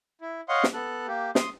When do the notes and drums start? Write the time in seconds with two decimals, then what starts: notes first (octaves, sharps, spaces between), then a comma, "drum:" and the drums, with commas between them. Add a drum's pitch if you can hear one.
0.21 E4
0.49 C#5 D#5 F5 F#5 C6
0.64 drum: snare
0.73 B3 A4 F#6
1.07 A#3 G4
1.35 C6 D#6, drum: snare